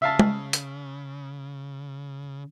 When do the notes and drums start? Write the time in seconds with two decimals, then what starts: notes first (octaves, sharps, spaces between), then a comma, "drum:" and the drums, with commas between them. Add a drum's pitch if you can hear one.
0.02 C#3 E5 F5 A5
0.19 drum: tom G#3
0.53 drum: hi-hat